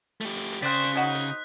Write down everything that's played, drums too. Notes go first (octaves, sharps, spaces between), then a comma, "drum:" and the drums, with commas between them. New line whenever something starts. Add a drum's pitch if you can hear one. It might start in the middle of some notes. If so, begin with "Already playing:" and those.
A3 G4, drum: hi-hat
drum: hi-hat
drum: hi-hat
C#3 C4 C5 D5 F#6 B6
drum: hi-hat
C#4 D#4 F#4 B5
drum: hi-hat